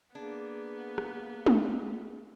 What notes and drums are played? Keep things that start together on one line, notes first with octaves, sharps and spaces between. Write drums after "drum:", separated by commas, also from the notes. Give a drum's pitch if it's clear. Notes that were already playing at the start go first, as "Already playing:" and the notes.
A#3 B3 D4 G#4
drum: rim click
drum: tom G#3